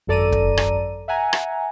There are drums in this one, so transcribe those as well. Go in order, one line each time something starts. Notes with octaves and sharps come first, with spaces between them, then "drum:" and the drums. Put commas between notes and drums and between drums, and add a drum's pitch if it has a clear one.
G#1 F#2 A4 D5 A#5 D#7
drum: kick
drum: rim click
E5 F#5 G#5 A#5
drum: rim click